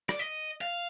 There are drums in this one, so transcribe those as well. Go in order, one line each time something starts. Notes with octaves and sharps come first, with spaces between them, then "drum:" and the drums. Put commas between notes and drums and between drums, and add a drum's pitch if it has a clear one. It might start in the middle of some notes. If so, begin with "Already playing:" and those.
D5, drum: rim click
D#5
F5